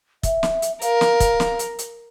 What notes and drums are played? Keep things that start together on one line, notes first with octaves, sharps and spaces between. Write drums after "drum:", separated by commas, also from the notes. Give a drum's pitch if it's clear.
E5, drum: kick, hi-hat
drum: snare
drum: hi-hat
A#4 F5, drum: hi-hat
drum: snare
drum: kick, hi-hat
drum: snare
drum: hi-hat
drum: hi-hat